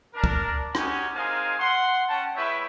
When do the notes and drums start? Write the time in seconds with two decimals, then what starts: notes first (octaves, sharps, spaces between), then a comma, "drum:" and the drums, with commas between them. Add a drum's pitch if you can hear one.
0.14 D4 A#4
0.24 drum: kick C#2
0.75 G#3 C#4 D#4 F#4 G4 G#5, drum: rim click
1.14 G#3 C4 D#4 A#4 F5 G#5
1.58 F#5 C6
2.08 C#4 F#5 G5 A5
2.36 G#3 E4 B4 C#5 E5 G5